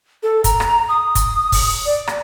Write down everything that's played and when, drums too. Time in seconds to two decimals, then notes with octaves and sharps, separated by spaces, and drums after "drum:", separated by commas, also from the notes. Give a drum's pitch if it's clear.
0.23 A4
0.44 A#5, drum: kick, hi-hat
0.60 drum: rim click
0.89 D#6
1.15 drum: kick, hi-hat
1.52 drum: kick, open hi-hat
1.86 D5
2.07 drum: rim click